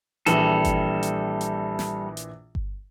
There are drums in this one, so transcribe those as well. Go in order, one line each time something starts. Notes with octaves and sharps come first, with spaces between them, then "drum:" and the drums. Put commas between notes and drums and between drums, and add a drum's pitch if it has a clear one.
A#1 E3 G3 A4, drum: hi-hat
drum: kick G1, hi-hat
drum: hi-hat
drum: hi-hat
drum: snare
drum: hi-hat
drum: kick G1